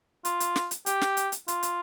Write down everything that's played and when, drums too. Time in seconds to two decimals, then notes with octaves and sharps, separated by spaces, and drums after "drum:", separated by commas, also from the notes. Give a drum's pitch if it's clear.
0.25 F4, drum: hi-hat
0.40 drum: hi-hat
0.56 drum: snare
0.71 drum: hi-hat
0.86 G4, drum: hi-hat
1.01 drum: snare
1.17 drum: hi-hat
1.32 drum: hi-hat
1.48 F4, drum: hi-hat
1.63 drum: hi-hat